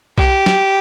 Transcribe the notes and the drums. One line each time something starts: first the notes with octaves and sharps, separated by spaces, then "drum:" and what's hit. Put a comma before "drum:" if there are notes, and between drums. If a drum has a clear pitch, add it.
G4, drum: kick B1
drum: snare